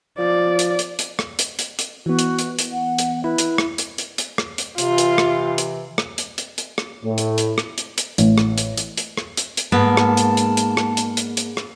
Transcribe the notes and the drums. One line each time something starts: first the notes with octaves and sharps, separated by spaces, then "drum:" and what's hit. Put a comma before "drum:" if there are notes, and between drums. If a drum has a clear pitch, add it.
F3 D5
drum: hi-hat
drum: hi-hat
drum: hi-hat
drum: rim click
drum: hi-hat
drum: hi-hat
drum: hi-hat
E3 B3 F#4
drum: hi-hat
drum: hi-hat
drum: hi-hat
F#5
drum: hi-hat
E4 B4
drum: hi-hat
drum: rim click
drum: hi-hat
drum: hi-hat
drum: hi-hat
drum: rim click
drum: hi-hat
C3 E3 F4, drum: hi-hat
drum: hi-hat
drum: rim click
drum: hi-hat
drum: rim click
drum: hi-hat
drum: hi-hat
drum: hi-hat
drum: rim click
A2
drum: hi-hat
drum: hi-hat
drum: rim click
drum: hi-hat
drum: hi-hat
A1, drum: hi-hat
drum: rim click
drum: hi-hat
drum: hi-hat
drum: hi-hat
drum: rim click
drum: hi-hat
drum: hi-hat
G#2 A#3 B3 A5
drum: rim click
drum: hi-hat
drum: hi-hat
drum: hi-hat
drum: rim click
drum: hi-hat
drum: hi-hat
drum: hi-hat
drum: rim click